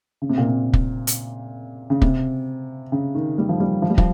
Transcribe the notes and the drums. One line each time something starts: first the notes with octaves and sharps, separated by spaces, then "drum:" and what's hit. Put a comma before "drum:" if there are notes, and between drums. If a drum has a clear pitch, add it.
C#3
C3
A#2
C3
drum: kick
drum: hi-hat
C#3
C3, drum: kick
C#3
D#3
G3
F3
G3
F3
G3
F3, drum: kick